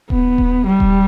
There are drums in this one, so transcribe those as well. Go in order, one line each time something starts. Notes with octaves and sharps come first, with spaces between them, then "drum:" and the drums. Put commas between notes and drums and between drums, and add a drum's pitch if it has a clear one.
B3, drum: kick D#1
drum: kick D#1
G3
drum: kick D#1